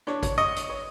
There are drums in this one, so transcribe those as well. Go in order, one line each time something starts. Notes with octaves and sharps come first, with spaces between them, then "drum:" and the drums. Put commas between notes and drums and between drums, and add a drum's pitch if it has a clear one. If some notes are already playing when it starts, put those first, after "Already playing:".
D4 C#5, drum: rim click
C#5, drum: kick G#1, hi-hat
D#5 C#6
drum: hi-hat
C#5